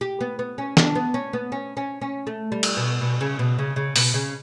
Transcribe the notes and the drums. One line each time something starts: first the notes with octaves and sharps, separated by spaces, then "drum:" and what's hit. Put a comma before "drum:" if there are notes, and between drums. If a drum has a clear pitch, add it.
G4
B3
B3
C#4
D4, drum: snare
B3
C#4
B3
C#4
C#4
C#4
A3
G3
drum: cymbal
B2
B2
C#3
B2
C#3
C#3
B2, drum: open hi-hat
C#3